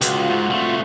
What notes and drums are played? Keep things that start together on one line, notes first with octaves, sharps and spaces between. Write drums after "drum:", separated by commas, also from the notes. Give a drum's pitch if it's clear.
C#2 F4 F#4, drum: hi-hat
G#2
C2 A3